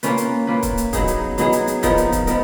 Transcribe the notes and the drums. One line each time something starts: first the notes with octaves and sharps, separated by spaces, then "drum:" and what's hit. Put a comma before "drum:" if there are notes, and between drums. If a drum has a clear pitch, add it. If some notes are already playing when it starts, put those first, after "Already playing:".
A#3 C#4 F4 B4, drum: hi-hat
drum: hi-hat
A#3 C#4 F4 B4
drum: kick, hi-hat
drum: hi-hat
F#3 B3 D#4 G#4, drum: kick, hi-hat
drum: hi-hat
F#3 B3 D#4 G#4, drum: hi-hat
drum: hi-hat
drum: hi-hat
F3 B3 D#4 A#4, drum: kick, hi-hat
drum: hi-hat
drum: kick, hi-hat
F3 B3 D#4 A#4, drum: hi-hat